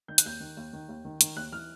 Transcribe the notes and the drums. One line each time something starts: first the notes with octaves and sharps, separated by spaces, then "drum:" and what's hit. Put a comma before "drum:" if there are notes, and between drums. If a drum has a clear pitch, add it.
D#3 G6
F#6, drum: hi-hat
D#2 G6
D#3
D#2
D#3
D#2
D#3
D#3, drum: hi-hat
D#2 F#6
E3 F6